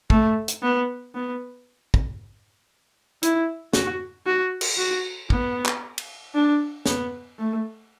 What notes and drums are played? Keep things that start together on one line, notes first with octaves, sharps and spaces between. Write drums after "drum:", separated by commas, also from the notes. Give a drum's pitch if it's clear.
A3, drum: kick
drum: hi-hat
B3
B3
drum: kick
E4, drum: hi-hat
F#4, drum: snare
F#4
drum: cymbal
F#4
B3, drum: kick
drum: clap
drum: cymbal
D4
B3, drum: snare
A3